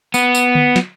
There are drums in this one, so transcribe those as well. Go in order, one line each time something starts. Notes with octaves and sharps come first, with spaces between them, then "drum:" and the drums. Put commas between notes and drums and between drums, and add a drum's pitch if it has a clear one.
B3, drum: tambourine
drum: tambourine
drum: tom D3
drum: snare